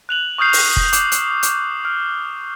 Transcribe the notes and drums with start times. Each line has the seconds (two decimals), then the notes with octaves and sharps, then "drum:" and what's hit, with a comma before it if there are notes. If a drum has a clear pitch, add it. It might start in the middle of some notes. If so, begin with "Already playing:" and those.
0.09 F#6 F7 F#7
0.38 C#6 D#6 F6 G6 C7
0.53 drum: open hi-hat
0.77 drum: kick F1
0.93 D6, drum: hi-hat
1.12 drum: hi-hat
1.43 drum: hi-hat
1.85 F6